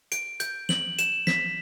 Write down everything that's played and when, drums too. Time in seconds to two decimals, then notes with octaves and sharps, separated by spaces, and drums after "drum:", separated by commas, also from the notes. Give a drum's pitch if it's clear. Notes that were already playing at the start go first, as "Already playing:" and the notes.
0.12 D7, drum: hi-hat
0.40 G6, drum: hi-hat
0.69 F#7, drum: snare
0.99 E7, drum: hi-hat
1.27 B6, drum: snare